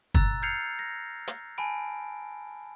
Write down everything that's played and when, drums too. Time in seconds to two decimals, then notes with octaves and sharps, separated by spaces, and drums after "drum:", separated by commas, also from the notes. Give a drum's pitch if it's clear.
0.14 A#5 E6 F#6 A6, drum: kick
0.42 F6 G6 G#6 C7 C#7 F7
0.79 A#6
1.28 drum: hi-hat
1.58 G#5 A5 B5 D7